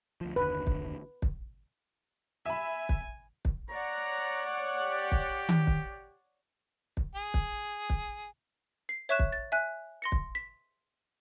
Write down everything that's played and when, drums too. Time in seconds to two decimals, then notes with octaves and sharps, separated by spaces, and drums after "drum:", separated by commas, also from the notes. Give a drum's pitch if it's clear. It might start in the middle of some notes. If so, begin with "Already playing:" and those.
0.21 D2 F3
0.36 F#1 D#2 D3 B4
0.67 drum: kick
1.22 drum: kick
2.46 E5 G#5 B5
2.89 drum: kick
3.45 drum: kick
3.71 C#5 D5 F#5 A#5
4.80 G4
5.12 drum: kick
5.49 drum: tom D#3
5.67 drum: kick
6.97 drum: kick
7.15 G#4
7.34 drum: kick
7.90 drum: kick
8.89 C7
9.09 C#5 E5 C#6 F#6 E7
9.19 drum: kick
9.32 A6
9.52 E5 G#5 F#6
10.02 C6 A#6 C#7
10.12 drum: kick
10.35 B6